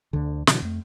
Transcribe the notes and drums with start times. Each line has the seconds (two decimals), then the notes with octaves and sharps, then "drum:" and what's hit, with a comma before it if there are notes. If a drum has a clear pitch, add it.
0.13 D2 D3
0.47 B2 D3 E3 F#3, drum: snare
0.62 F2 A3